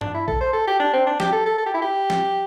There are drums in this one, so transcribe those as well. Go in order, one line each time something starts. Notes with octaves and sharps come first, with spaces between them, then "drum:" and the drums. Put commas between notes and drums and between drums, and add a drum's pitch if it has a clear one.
D4, drum: tom G2
E4
A4, drum: kick
C5
A4
G4
D4
C4
D4
G4, drum: snare
A4
A4
A4
G4
E4
G4
drum: snare